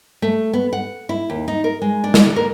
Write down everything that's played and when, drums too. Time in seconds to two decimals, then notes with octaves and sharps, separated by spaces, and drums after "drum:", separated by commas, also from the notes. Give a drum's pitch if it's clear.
0.22 A3
0.53 B3
0.73 F#5
1.09 E4
1.30 D#2
1.48 D#4
1.64 A#4
1.82 G#3
2.04 D4
2.14 drum: snare
2.36 A#4